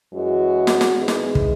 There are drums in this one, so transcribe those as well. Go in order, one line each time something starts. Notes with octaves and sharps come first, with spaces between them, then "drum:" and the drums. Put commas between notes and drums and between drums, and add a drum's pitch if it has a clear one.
F#2 E3 G#3 F#4
drum: snare
drum: snare
G#2 E3 G#3
drum: snare
drum: kick